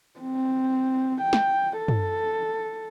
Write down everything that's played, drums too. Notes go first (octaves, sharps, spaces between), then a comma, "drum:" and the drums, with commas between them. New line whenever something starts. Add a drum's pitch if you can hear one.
C4
G5
drum: snare
A4
drum: tom